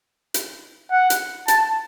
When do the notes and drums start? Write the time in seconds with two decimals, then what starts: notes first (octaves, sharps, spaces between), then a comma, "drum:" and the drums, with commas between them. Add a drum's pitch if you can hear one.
0.34 drum: hi-hat
0.92 F#5
1.10 drum: hi-hat
1.48 A5, drum: hi-hat